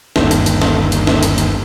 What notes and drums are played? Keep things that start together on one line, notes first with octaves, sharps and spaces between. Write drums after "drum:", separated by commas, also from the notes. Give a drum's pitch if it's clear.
G1 D#2, drum: snare
drum: hi-hat
drum: hi-hat
drum: snare
drum: hi-hat
drum: snare
drum: hi-hat
drum: hi-hat